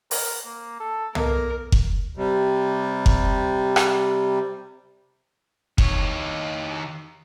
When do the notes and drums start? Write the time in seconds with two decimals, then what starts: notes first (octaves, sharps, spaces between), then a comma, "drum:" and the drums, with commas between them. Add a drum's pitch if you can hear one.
0.11 A#4, drum: open hi-hat
0.45 A#3
0.80 A4
1.15 A#3 B3 A4 A#4 D#5, drum: tom
1.72 drum: kick F#1
2.17 C3 G3
3.06 drum: kick F#1
3.76 drum: rim click
5.78 D#3 C#5, drum: kick F#1